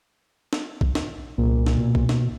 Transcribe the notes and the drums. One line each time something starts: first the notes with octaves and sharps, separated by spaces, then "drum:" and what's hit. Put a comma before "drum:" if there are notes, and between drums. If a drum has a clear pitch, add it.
drum: snare
drum: kick A#1
drum: snare
C2 A#2
drum: snare
B2
drum: kick A#1
drum: snare